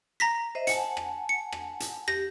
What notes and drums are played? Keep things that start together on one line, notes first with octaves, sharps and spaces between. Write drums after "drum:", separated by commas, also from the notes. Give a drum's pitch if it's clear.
A#5 A#6 B6
C5 D#5 E5
F#5 G#5 A5 C#7, drum: hi-hat
drum: rim click
C#7
drum: rim click
drum: hi-hat
G4 A#6, drum: rim click